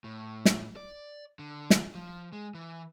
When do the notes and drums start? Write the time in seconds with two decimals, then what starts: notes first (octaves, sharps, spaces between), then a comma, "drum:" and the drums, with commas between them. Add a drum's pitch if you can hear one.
0.04 A2
0.45 drum: snare
0.76 D5
1.39 D3
1.70 drum: snare
1.95 F3
2.32 G#3
2.54 E3